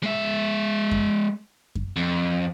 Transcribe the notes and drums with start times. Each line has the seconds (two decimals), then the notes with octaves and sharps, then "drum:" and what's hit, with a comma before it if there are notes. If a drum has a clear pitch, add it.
0.03 G#3 E5
0.91 drum: kick F#2
1.75 drum: kick F#2
1.96 F2